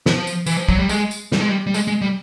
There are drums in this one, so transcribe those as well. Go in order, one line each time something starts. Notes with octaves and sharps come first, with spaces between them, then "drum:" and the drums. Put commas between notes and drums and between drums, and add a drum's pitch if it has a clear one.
F3, drum: snare
drum: tambourine
E3, drum: tambourine
F3
F#3, drum: kick
G3
G#3, drum: tambourine
drum: tambourine
G3, drum: snare
G#3
G3
G3
G#3, drum: tambourine
G#3
G3